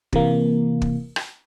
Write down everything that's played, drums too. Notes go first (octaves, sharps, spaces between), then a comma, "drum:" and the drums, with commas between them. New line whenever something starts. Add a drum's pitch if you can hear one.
C3 E3 A#3, drum: kick
drum: kick
drum: rim click